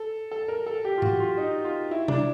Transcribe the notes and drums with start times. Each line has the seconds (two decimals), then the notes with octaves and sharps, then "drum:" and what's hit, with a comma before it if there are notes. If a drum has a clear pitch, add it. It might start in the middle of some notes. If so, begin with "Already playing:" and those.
Already playing: A4
0.31 A4
0.48 A#4
0.66 A4
0.85 G4
0.98 F4
1.02 F#4, drum: tom G#2
1.20 F4
1.37 D#4
1.64 F4
1.91 E4
2.08 D4, drum: tom C3